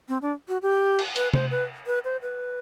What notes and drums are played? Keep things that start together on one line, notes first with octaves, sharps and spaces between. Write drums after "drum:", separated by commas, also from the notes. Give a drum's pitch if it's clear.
C4
D4
F#4
G4
drum: cymbal
B4, drum: hi-hat
C5, drum: tom C3
B4
B4
C5
B4